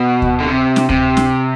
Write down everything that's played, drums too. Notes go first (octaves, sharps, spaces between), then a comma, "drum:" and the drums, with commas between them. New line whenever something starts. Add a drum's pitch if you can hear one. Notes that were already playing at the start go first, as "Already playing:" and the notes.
Already playing: B2
drum: kick D2
D3
C3
drum: snare
C3, drum: kick D2
drum: snare